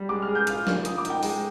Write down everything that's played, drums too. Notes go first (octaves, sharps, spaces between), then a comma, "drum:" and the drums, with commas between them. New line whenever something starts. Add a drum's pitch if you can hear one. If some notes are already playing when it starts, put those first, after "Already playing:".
Already playing: G3
G#3 D6
F6
G#4
G6
F4 F6, drum: hi-hat
A#3, drum: snare
F3 D#6, drum: hi-hat
D6
D#4, drum: hi-hat
G5
G#3, drum: open hi-hat